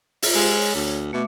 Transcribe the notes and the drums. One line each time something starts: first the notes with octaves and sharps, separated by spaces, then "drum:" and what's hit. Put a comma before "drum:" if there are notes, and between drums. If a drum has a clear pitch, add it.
F4 E5, drum: open hi-hat
G#3 G4 C5 F5
C#5
D2
B2 A3 E5 D6